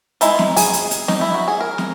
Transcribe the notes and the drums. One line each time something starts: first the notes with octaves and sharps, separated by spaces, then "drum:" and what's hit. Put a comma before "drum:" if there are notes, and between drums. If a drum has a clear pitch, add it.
G#3 D#4 E4, drum: hi-hat
drum: snare
G#4, drum: open hi-hat
drum: hi-hat
drum: hi-hat
D#4, drum: snare
E4
F#4
G#4
A#4
drum: snare